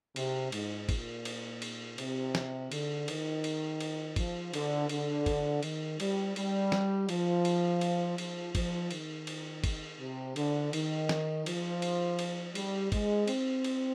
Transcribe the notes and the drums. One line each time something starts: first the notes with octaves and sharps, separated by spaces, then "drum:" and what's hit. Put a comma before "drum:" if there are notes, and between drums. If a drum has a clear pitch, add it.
C3, drum: cymbal
G#2, drum: cymbal
A#2, drum: kick, cymbal
drum: cymbal
drum: cymbal
C3, drum: cymbal
drum: snare
D3, drum: cymbal
D#3, drum: cymbal
drum: cymbal
drum: cymbal
F3, drum: kick, cymbal
D3, drum: cymbal
D3, drum: cymbal
drum: kick, cymbal
D#3, drum: cymbal
G3, drum: cymbal
G3, drum: cymbal
drum: snare
F3, drum: cymbal
drum: cymbal
drum: cymbal
F3, drum: cymbal
F3, drum: kick, cymbal
D#3, drum: cymbal
drum: cymbal
drum: kick, cymbal
C3
D3, drum: cymbal
D#3, drum: cymbal
drum: snare
F3, drum: cymbal
drum: cymbal
drum: cymbal
G3, drum: cymbal
G#3, drum: kick, cymbal
C4, drum: cymbal
drum: cymbal